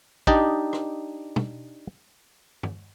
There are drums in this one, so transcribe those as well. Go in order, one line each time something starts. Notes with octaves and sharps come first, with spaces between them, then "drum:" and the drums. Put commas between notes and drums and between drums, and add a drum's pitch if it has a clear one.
D4 D#4 G4 D5 D#5, drum: kick
drum: rim click
drum: tom
drum: tom